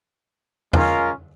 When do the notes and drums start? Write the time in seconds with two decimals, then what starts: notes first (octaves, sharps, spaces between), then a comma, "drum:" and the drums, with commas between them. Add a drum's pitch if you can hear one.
0.73 G#3 C#4 F4 A#4 F5, drum: tom E2